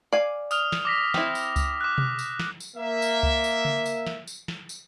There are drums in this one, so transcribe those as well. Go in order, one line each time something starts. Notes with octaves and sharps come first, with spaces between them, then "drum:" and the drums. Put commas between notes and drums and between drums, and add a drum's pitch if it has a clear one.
D5 F5 G#5
D#6 F6 F7, drum: tambourine
drum: snare
D6 A#6 B6
C4 E4, drum: snare
drum: tambourine
drum: kick C#2, tambourine
D6 F#6
drum: tom B2
drum: tambourine
drum: snare
drum: tambourine
A#3 E5
drum: tambourine
drum: kick C#2
drum: tambourine
drum: tom C#3
drum: tambourine
drum: snare
drum: tambourine
drum: snare
drum: tambourine